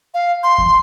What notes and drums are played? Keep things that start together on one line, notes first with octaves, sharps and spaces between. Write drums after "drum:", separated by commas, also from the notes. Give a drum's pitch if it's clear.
F5
C6
drum: kick E2